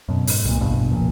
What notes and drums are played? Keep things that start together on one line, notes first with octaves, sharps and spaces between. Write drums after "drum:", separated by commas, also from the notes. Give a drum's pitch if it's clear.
F#2 B2
G#2, drum: open hi-hat
C2 A#2
A1 E2 G2 B2
E1 C#2 A#2 F3